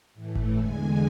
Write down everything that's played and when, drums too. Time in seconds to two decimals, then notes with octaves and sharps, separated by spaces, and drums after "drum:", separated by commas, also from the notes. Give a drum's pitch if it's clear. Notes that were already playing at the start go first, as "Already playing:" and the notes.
0.14 A2 E3 A3
0.35 drum: kick G1
0.56 E2 D3 G#3 G#5